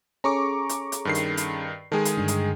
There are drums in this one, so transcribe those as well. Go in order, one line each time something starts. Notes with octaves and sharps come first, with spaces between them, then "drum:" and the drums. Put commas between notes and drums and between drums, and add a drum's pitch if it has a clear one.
C#4 G#4 A4 A#5 C#6 D6
drum: hi-hat
drum: hi-hat
G2 D#3 C7
drum: hi-hat
drum: hi-hat
D#3 G#3 G#4 A4
drum: hi-hat
G2 D3
drum: hi-hat